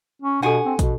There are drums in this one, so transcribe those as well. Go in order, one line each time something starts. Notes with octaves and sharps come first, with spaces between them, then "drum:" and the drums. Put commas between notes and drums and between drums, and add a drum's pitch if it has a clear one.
C#4
B2 D4 G4 A4 F#5 G#5
C4
B2, drum: kick, hi-hat